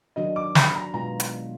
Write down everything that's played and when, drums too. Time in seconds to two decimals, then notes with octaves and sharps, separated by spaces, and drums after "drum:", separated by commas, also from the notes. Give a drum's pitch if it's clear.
0.16 D#3 F#3 D4 F#4 D#5
0.36 D6
0.55 B5, drum: snare
0.75 A#5
0.94 B2 G#3 B3 F4 A#5
1.20 drum: hi-hat